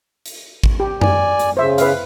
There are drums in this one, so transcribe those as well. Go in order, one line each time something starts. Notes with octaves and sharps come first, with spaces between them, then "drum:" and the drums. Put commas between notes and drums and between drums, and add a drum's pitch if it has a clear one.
drum: hi-hat
drum: kick G#1
G4
D5 G#5, drum: tom F#2
drum: hi-hat
C#3 C5 E5
B4 E5 F5, drum: hi-hat